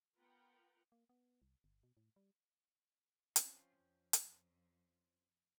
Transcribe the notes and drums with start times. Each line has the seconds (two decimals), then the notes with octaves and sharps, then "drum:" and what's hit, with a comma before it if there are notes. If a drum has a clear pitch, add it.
0.16 B3 F4 A#4 B4 F#5 G5
0.92 A#3
1.09 B3
1.42 C2
1.64 G1
1.83 B2
1.97 A2
2.16 G3
3.36 F3 C4 C#4 F4, drum: hi-hat
3.79 F2
4.13 drum: hi-hat